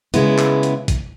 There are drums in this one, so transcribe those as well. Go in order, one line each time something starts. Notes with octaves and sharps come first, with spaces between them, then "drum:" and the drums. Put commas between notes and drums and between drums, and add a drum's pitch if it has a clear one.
C#3 G#3 B3 E4, drum: hi-hat
drum: clap
drum: hi-hat
drum: kick G#1, hi-hat